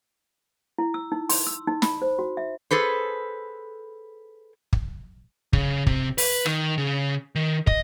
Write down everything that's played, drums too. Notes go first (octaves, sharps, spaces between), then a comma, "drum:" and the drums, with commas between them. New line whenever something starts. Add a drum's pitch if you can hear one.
E4
E6
D#4
C6, drum: open hi-hat
E6
D#4
B5, drum: snare
C5
F#4
E5
G#4 A4 B4 C5
drum: kick
C#3, drum: kick
C3, drum: kick
B4, drum: open hi-hat
D#3, drum: rim click
C#3
D#3
D#5, drum: kick